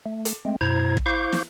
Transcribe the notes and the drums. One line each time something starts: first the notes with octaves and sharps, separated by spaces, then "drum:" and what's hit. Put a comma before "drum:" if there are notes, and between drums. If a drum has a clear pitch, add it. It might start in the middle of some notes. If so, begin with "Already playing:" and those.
A3
drum: hi-hat
G#3 A3 C4
F#2 B2 E4 C5 A#5 G#6
drum: kick
E4 C5 F5 C#6 D6 G6
drum: snare